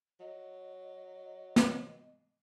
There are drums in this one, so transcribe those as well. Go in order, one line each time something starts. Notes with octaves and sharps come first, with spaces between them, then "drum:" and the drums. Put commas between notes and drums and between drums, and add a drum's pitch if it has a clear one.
F#3 D#5
drum: snare